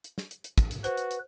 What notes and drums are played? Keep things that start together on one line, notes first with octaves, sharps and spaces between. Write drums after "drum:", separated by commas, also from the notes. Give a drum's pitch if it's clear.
drum: hi-hat
drum: snare
drum: hi-hat
drum: hi-hat
drum: kick, hi-hat
drum: hi-hat
F#4 B4 C5, drum: hi-hat
drum: hi-hat
drum: hi-hat